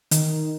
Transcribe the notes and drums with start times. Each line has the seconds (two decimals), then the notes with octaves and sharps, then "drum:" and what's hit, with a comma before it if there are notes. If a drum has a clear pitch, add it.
0.11 D#3, drum: hi-hat